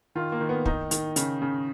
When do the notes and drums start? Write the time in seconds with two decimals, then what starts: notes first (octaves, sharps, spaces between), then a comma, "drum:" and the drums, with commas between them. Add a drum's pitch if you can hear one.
0.15 D#3 F4
0.32 A#3
0.41 D#3
0.49 B3
0.65 D#3 D#4, drum: kick
0.91 D#3, drum: hi-hat
1.16 C#3, drum: hi-hat
1.42 C#3